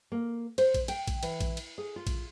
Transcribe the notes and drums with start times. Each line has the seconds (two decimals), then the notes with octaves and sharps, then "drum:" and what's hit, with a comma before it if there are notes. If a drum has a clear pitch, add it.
0.12 A#3
0.58 C5, drum: cymbal
0.74 drum: kick A#1, cymbal
0.88 G5, drum: cymbal
1.07 drum: kick A#1, cymbal
1.23 E3, drum: cymbal
1.41 drum: kick A#1, cymbal
1.57 drum: cymbal
1.78 G#4
1.96 F4
2.07 drum: kick A#1, cymbal